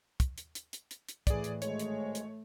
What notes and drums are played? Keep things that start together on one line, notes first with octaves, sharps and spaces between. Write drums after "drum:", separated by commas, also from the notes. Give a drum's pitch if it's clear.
drum: kick, hi-hat
drum: hi-hat
drum: hi-hat
drum: hi-hat
drum: hi-hat
drum: hi-hat
A2 E3 G#4 D5, drum: kick, hi-hat
drum: hi-hat
G#1 G#3 A3 C#5, drum: hi-hat
drum: hi-hat
drum: hi-hat